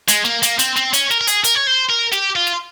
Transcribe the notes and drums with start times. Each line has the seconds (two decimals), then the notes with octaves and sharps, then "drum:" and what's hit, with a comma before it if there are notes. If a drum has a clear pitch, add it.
0.08 G#3, drum: hi-hat
0.25 A#3, drum: snare
0.43 A#3, drum: hi-hat
0.59 C4, drum: hi-hat
0.76 C4, drum: snare
0.93 C#4, drum: hi-hat
1.11 A#4, drum: snare
1.21 A#4
1.27 G#4, drum: hi-hat
1.44 A#4, drum: hi-hat
1.55 C#5
1.67 C5
1.90 A#4
2.13 G4, drum: snare
2.36 F4
2.47 drum: snare